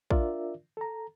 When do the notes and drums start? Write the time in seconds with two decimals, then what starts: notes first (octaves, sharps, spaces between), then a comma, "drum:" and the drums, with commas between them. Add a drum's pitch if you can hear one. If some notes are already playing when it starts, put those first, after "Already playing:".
0.11 D4 F4 A#4 D5 E5, drum: kick
0.77 A4 A#5